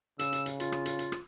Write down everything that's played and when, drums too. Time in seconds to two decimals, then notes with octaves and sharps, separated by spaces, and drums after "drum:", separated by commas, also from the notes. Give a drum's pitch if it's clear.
0.19 C#3 E6, drum: hi-hat
0.33 drum: hi-hat
0.46 drum: hi-hat
0.60 F4, drum: hi-hat
0.72 drum: rim click
0.86 drum: hi-hat
0.99 drum: hi-hat
1.12 drum: rim click